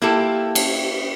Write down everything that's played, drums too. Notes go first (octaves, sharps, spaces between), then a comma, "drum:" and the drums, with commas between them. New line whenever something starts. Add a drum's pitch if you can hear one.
A#3 E4 F4 G4 A4
drum: cymbal